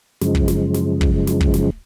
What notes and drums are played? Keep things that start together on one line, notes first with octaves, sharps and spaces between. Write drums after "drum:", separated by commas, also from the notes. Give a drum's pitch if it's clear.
F#2 C#3 F3 G#3, drum: snare
drum: kick
drum: snare
drum: snare
drum: kick
drum: snare
drum: kick
drum: snare